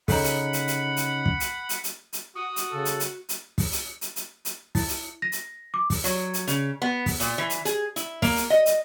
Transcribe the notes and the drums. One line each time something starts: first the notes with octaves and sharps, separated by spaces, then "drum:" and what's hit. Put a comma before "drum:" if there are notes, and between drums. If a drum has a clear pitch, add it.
C#3 C#4 D#4 A4 F#5 A#5 B5, drum: kick, open hi-hat
drum: hi-hat
drum: hi-hat
drum: hi-hat
drum: hi-hat
drum: kick
drum: hi-hat
drum: hi-hat
drum: hi-hat
drum: hi-hat
F#4 D#6
drum: hi-hat
C#3 A4
drum: hi-hat
drum: hi-hat
drum: hi-hat
drum: kick, open hi-hat
drum: hi-hat
drum: hi-hat
drum: hi-hat
drum: hi-hat
E4, drum: kick, open hi-hat
drum: hi-hat
A#6
drum: hi-hat
D6
drum: kick, open hi-hat
F#3, drum: hi-hat
drum: hi-hat
C#3, drum: hi-hat
B3
drum: kick, open hi-hat
A#2, drum: hi-hat
E3
drum: hi-hat
G#4, drum: hi-hat
E4, drum: hi-hat
A#3, drum: kick, open hi-hat
drum: hi-hat
D#5
drum: hi-hat